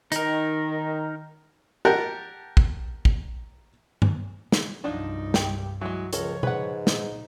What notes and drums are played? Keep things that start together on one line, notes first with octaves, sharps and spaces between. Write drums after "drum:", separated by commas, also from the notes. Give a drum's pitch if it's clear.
D#3 D#4 A#4, drum: hi-hat
G4 A#4 F#5 A5
drum: kick
drum: kick
drum: tom G2
drum: snare
C2 G2 F3 F#3 D4 D#4
G4 G5, drum: snare
E3 F#3 G#3
C#2 C#3 F3 A4 A#4 C#5, drum: hi-hat
G#2 B4 F#5, drum: tom B2
A#2 D#4, drum: snare